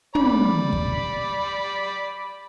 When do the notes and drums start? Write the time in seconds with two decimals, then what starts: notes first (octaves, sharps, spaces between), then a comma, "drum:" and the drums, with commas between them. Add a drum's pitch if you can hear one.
0.15 D5 B5, drum: tom
0.73 drum: kick